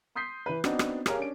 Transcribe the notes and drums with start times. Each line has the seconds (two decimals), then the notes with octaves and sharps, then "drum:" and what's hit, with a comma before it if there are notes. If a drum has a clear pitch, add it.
0.15 C6 D#6 G6 B6 C7
0.46 E3 B4
0.64 B3 C4 D4 D#4 F#4, drum: rim click
0.79 drum: rim click
1.06 G4 G#4 A#4 C#5 F5 G#5, drum: rim click
1.19 C#4 D4 D7